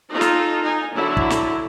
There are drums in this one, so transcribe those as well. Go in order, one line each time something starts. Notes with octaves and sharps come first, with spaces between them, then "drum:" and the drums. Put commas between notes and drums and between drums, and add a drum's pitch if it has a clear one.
D#4 F4 A4
drum: snare
D#4 G#5
D3 F#3 E4
drum: kick
drum: snare